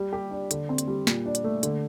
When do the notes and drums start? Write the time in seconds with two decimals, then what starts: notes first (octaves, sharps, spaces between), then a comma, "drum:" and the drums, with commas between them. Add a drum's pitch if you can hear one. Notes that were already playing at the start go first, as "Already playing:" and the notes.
Already playing: G3
0.13 G4
0.31 D4
0.51 D3, drum: hi-hat
0.69 C4
0.78 drum: hi-hat
0.88 G3
1.07 A#2, drum: snare
1.26 D4
1.35 drum: hi-hat
1.44 A3
1.63 D3, drum: hi-hat